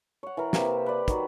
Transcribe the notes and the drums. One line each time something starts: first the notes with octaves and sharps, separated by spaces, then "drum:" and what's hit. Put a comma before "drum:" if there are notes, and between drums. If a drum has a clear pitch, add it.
C#5 F#5
E3 A#4
C3 A#3 C4 G4, drum: snare
B4 D5
D#3 F#3, drum: kick, hi-hat